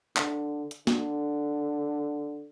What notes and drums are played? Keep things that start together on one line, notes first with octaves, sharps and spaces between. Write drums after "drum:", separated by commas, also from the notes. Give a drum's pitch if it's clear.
D3, drum: clap
drum: hi-hat
D3, drum: snare